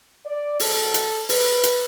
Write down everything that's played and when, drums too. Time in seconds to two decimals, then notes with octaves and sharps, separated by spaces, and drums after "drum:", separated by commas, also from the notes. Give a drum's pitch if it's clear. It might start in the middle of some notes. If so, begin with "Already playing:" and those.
0.25 D5
0.60 B2 F#3 A4, drum: open hi-hat
0.94 drum: hi-hat
1.29 B4, drum: open hi-hat
1.63 drum: hi-hat